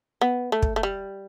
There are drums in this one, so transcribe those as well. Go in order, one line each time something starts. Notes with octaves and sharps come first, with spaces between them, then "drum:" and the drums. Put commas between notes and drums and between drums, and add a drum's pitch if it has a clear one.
B3
A3
drum: kick
A3
G3